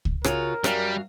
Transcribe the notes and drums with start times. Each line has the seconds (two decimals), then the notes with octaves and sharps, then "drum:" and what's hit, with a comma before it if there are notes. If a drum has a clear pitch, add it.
0.05 drum: kick C#2
0.24 C#3 F4 F#4 A#4, drum: rim click
0.64 F#2 G3 F#4 F5, drum: rim click